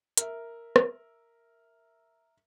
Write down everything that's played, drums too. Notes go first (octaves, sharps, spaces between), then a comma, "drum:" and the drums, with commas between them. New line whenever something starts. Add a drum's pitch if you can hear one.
A#4 E5, drum: hi-hat
drum: rim click